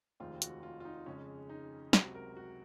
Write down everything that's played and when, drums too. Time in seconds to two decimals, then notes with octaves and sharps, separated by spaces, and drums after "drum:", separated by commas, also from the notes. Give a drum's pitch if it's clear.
0.20 F1 D#2 D#3 G#3 C4 F4
0.42 F#4, drum: hi-hat
0.63 F4
0.80 F4
0.85 D#4
1.06 F2 C#3 G#3 C#4
1.49 D#4
1.93 C#2 C3 F#3 C4 F#4, drum: snare
2.15 A#4
2.37 F#4